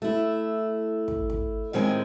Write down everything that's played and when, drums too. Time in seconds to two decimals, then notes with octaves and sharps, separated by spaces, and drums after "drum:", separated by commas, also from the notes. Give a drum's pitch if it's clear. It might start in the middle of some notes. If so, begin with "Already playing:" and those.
0.02 A3 E4
1.08 drum: kick
1.30 drum: kick
1.73 A2 D#3 G#3 C4 G#4 G#5